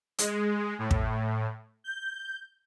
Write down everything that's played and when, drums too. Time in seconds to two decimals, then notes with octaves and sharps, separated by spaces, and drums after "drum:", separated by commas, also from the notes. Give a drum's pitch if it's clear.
0.19 G#3, drum: hi-hat
0.79 A2
0.91 drum: kick
1.84 G6